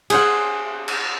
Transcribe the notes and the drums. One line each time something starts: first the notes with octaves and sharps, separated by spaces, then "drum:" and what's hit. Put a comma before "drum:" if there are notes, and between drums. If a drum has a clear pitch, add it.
G#4 C5 F5 F#5, drum: cymbal
drum: cymbal